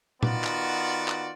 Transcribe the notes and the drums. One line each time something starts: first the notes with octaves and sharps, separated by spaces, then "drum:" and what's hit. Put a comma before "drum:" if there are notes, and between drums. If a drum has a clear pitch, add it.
D#3 B3 F4 F#4 D5, drum: tom A#2
drum: clap
drum: clap